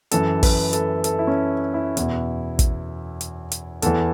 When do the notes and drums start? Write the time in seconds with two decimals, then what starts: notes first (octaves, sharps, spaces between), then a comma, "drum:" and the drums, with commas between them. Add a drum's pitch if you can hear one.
0.11 F#2 E3 A4, drum: hi-hat
0.43 B4, drum: kick, open hi-hat
0.73 A4, drum: hi-hat
1.04 A4, drum: hi-hat
1.19 E4
1.27 C#4
1.74 E4
1.97 E2 B2, drum: hi-hat
2.59 drum: kick, hi-hat
3.21 drum: hi-hat
3.52 drum: hi-hat
3.82 E2 E3 A4, drum: hi-hat